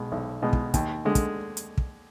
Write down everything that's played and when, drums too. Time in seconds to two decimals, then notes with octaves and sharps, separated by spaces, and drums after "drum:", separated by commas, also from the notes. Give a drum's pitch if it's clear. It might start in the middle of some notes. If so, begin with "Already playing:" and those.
Already playing: B1 B2 G#3
0.12 B1
0.42 B2 G#3
0.53 drum: kick
0.74 D#2, drum: kick, hi-hat
1.05 D3 G#3
1.15 drum: kick, hi-hat
1.57 drum: hi-hat
1.78 drum: kick